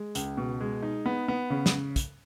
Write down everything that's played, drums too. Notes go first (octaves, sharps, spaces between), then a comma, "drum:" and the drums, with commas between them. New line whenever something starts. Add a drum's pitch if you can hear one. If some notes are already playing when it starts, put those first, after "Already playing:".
Already playing: G#3
C#2, drum: hi-hat
B2
G#3
D#4
B3
B3
C#3
drum: snare
drum: kick, hi-hat